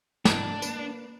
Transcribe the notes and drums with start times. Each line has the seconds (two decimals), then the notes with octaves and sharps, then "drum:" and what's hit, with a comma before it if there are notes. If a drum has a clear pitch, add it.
0.25 D4, drum: snare
0.62 A#3 B4, drum: tambourine